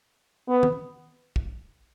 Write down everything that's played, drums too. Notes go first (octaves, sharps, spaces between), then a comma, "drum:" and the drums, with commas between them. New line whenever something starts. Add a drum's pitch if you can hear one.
B3
drum: tom
drum: kick